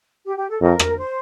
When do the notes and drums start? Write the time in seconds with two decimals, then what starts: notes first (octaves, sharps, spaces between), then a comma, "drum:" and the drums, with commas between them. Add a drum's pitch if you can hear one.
0.25 G4
0.37 G4
0.49 A4
0.61 F2 A#4
0.79 drum: rim click
0.98 C5